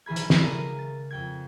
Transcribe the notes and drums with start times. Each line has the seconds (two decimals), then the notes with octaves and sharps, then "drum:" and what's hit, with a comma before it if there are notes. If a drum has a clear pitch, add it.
0.06 B1 E3 G#4 B5 G#6
0.16 drum: hi-hat
0.30 E3 G#3 D4 A4, drum: snare
0.43 C#3 G#4 A#4 D#7
0.79 A6
1.10 F2 G5 G#6